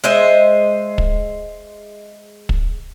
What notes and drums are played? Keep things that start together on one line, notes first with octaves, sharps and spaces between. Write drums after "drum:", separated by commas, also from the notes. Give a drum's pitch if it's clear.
G#3 C5 D#5 E5
drum: kick
drum: kick